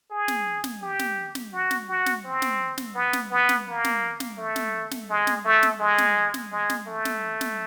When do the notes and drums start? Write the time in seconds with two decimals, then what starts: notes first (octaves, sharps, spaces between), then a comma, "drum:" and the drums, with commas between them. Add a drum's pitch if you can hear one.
0.11 G#4
0.28 drum: snare
0.64 drum: snare
0.82 G4
0.99 drum: snare
1.35 drum: snare
1.53 F#4
1.71 drum: snare
1.89 F#4
2.06 drum: snare
2.25 C4
2.42 drum: snare
2.78 drum: snare
2.95 B3
3.13 drum: snare
3.31 B3
3.49 drum: snare
3.67 A#3
3.84 drum: snare
4.20 drum: snare
4.38 A3
4.56 drum: snare
4.91 drum: snare
5.10 G#3
5.27 drum: snare
5.45 A3
5.63 drum: snare
5.80 G#3
5.98 drum: snare
6.34 drum: snare
6.52 G#3
6.70 drum: snare
6.87 A3
7.05 drum: snare
7.41 drum: snare